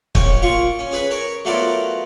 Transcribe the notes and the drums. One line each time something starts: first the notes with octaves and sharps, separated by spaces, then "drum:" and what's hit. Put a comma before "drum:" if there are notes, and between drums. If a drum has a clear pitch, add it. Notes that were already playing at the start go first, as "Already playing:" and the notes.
A#1 C#4 C#5, drum: kick
A#2 F4 C#6
C#4
C#4 G#4 B4 B5
A#4 C#5
F#3 A3 B3 F4 A#4 D5